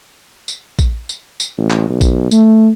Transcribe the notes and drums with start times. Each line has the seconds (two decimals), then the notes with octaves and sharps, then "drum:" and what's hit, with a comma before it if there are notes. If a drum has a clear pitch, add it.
0.48 drum: tambourine
0.79 drum: kick, tambourine
1.09 drum: tambourine
1.40 drum: tambourine
1.57 A1
1.70 drum: clap
1.89 B1
2.01 drum: kick, tambourine
2.31 A3, drum: tambourine